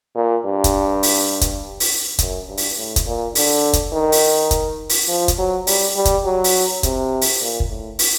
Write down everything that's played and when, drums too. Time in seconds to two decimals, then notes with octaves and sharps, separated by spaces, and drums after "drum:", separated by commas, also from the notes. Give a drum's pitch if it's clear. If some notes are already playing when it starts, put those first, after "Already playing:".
0.16 A#2
0.45 G2
0.64 drum: kick, hi-hat
1.03 drum: open hi-hat
1.41 drum: kick, hi-hat
1.80 drum: open hi-hat
2.19 F#2, drum: kick, hi-hat
2.48 G2
2.57 drum: open hi-hat
2.77 A2
2.96 drum: kick, hi-hat
3.06 A#2
3.35 D3, drum: open hi-hat
3.73 drum: kick, hi-hat
3.93 D#3
4.12 drum: open hi-hat
4.51 drum: kick, hi-hat
4.89 drum: open hi-hat
5.09 F3
5.28 drum: kick, hi-hat
5.38 F#3
5.67 G3, drum: open hi-hat
5.96 G3
6.05 drum: kick, hi-hat
6.25 F#3
6.44 drum: open hi-hat
6.83 C3, drum: kick, hi-hat
7.21 drum: open hi-hat
7.41 A#2
7.60 drum: kick
7.69 A2
7.99 drum: open hi-hat